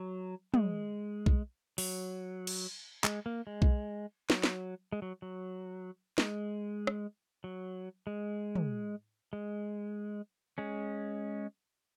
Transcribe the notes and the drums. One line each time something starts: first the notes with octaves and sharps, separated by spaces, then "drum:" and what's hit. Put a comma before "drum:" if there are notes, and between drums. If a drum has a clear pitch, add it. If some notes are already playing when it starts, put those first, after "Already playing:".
Already playing: F#3
G#3, drum: tom
drum: kick B1
F#3, drum: open hi-hat
drum: cymbal
G#3, drum: clap
A#3
G#3
drum: kick B1
F#3, drum: snare
drum: snare
G#3
F#3
F#3
G#3, drum: snare
drum: rim click
F#3
G#3
drum: tom
G#3
G#3 C#4